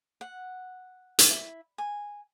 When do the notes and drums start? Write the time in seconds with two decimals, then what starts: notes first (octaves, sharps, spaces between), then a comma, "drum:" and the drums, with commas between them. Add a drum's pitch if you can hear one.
0.21 F#5
1.19 drum: hi-hat
1.31 E4
1.78 G#5